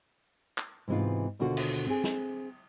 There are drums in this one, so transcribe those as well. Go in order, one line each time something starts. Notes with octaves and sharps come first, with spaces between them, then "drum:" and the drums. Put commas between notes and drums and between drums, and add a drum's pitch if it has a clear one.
drum: clap
G#2 C3 E3 G#3 B3 F4
D#2 B2 D3 F4 F#4 C5
drum: cymbal
C4 G#4
drum: snare